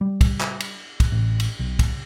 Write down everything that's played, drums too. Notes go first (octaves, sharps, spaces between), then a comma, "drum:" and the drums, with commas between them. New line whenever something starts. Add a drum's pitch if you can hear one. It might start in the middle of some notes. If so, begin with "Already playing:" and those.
G3
drum: kick, cymbal
drum: clap
drum: cymbal
drum: kick, cymbal
A1
drum: cymbal
B1
drum: kick, cymbal